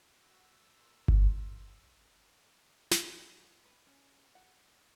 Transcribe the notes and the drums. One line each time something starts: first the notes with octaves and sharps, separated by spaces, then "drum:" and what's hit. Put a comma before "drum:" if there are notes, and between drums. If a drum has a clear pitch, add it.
F#4 E6
A#4 C6
drum: kick G1
G#4, drum: snare
B4
C#4
F#5